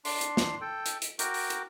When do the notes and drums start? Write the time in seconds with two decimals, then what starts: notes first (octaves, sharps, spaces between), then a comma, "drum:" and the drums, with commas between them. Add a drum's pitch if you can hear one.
0.05 D4 C6, drum: open hi-hat
0.21 drum: hi-hat
0.37 drum: snare
0.61 A4 G5
0.86 drum: hi-hat
1.02 drum: hi-hat
1.19 F#4 A#4 G5 D6, drum: hi-hat
1.34 drum: open hi-hat
1.50 drum: hi-hat